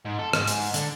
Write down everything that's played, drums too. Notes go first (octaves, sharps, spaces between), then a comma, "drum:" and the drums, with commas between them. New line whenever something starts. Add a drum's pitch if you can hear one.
G#2
A4
G#2, drum: rim click
drum: hi-hat
drum: open hi-hat
D3, drum: hi-hat